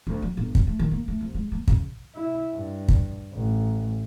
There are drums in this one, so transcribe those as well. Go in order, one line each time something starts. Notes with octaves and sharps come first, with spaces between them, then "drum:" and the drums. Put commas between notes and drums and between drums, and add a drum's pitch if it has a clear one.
D2
F#3
G1
C#4, drum: kick
A3
D#3
A#3
A3
C2
G#3
A#3
C#3, drum: kick
E4
G2
drum: kick
A1